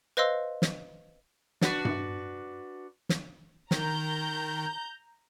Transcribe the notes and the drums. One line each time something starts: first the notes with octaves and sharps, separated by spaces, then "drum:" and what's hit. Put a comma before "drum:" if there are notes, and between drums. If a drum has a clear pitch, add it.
B4 C5 D#5 F5 C6 E6
drum: snare
D4 F#4 B4, drum: snare
drum: tom G2
drum: snare
D#3 A#5 G6, drum: snare